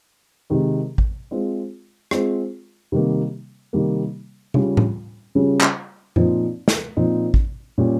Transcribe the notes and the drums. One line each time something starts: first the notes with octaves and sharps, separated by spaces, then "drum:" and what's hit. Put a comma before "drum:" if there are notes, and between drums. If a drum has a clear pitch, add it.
C3 D#3 G#3
drum: kick A1
G#3 C4 F4
G#3 C4 F4, drum: rim click
C3 D#3 G3 A#3
C3 D#3 G3 A#3
C#3 G3 C#4 F4 G#4, drum: tom C3
drum: tom A2
C#3 G3 C#4 F4 G#4
drum: clap
A#2 F3 C4 D#4, drum: tom F#2
drum: snare
A#2 F3 C4 D#4
drum: kick A1
A#2 G3 C#4 G4